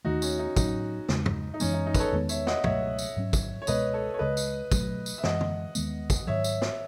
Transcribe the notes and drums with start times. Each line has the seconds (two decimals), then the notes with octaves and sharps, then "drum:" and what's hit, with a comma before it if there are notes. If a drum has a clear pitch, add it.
0.05 D#2 D#3 A3 D#4 F#4
0.22 C#4, drum: tambourine
0.39 D#4
0.57 A2 F#3 C#4 D#4, drum: kick, tambourine
1.09 E2 C#3 G#3, drum: snare
1.26 drum: tom
1.54 D#4
1.60 F#2 E3 G#3 B3 C#4, drum: tambourine
1.73 D#4
1.87 D#4
1.95 B4, drum: kick, tambourine
1.99 A4 C#5
2.12 E2 D#3 G#3 B3
2.29 C#5 E5, drum: tambourine
2.47 D#5 F#5, drum: snare
2.64 C#2 B2 F#3 A3 C#5 E5, drum: tom
2.99 drum: tambourine
3.16 G#2 F#3 C#4
3.33 drum: kick, tambourine
3.62 C#5
3.67 C#2 B2 G#3 B3 B4 D#5, drum: tambourine
3.94 A4 C#5
4.14 C#5
4.19 C#2 C#3 G#3 B4 D#5
4.37 drum: tambourine
4.72 B2 F#3 A3, drum: kick, tambourine
5.06 drum: tambourine
5.18 E5
5.23 F#2 E3 G#3 D#5 F#5, drum: snare
5.41 drum: tom
5.75 D#2 D#3 G#3 B3, drum: tambourine
6.10 drum: kick, tambourine
6.27 G#2 D#3 F#3 C#5 E5
6.44 drum: tambourine
6.62 drum: snare